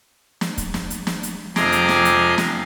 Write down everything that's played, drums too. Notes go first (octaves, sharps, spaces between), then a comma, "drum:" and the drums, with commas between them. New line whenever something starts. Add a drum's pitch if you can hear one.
drum: snare
drum: kick, hi-hat
drum: snare
drum: hi-hat
drum: snare
drum: hi-hat
F2 C3 G#4 A#5 C6 D6, drum: snare
drum: hi-hat
drum: snare
drum: hi-hat
drum: snare